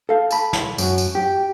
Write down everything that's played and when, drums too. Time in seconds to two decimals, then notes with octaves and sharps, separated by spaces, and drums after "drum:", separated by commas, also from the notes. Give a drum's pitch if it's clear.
0.09 A4 F5
0.31 A5 B5, drum: tambourine
0.53 drum: snare
0.78 F#2 F#3, drum: tambourine
0.98 drum: tambourine
1.15 G4